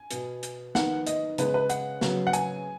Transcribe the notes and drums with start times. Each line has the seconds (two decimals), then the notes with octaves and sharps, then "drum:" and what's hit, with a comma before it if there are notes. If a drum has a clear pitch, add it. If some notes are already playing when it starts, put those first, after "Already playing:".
Already playing: G#5
0.11 B2 B3, drum: hi-hat
0.43 drum: hi-hat
0.75 D#3 B3 F#5, drum: snare
1.07 D#5, drum: hi-hat
1.38 C#3 G#3 B3 B4, drum: hi-hat
1.54 B4
1.70 F#5, drum: hi-hat
2.01 C#3 F#3 B3, drum: snare
2.27 F#5
2.33 G#5, drum: hi-hat